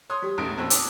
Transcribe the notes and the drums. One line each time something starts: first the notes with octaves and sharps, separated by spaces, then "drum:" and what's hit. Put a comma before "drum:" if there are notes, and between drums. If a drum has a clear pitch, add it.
C#5 C6 D#6
G3
E1 A1 A3 D7
A#1 F2 A#2 C4 E6
D6 D#6, drum: hi-hat